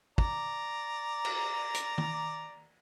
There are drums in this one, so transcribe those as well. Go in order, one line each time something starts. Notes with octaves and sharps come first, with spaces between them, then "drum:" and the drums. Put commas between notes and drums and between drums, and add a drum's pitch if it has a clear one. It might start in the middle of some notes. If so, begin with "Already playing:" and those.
D5 A#5, drum: kick
drum: cymbal
drum: hi-hat
drum: tom